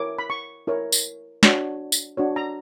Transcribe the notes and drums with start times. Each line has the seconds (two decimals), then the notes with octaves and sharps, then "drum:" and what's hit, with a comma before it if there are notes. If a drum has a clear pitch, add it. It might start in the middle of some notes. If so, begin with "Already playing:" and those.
Already playing: E4 A#4 C#5 D6
0.19 B5
0.30 C#6
0.67 E4 A#4 C#5
0.92 drum: tambourine
1.43 D4 F#4 C#5, drum: snare
1.92 drum: tambourine
2.17 D4 F#4 C#5
2.36 A#5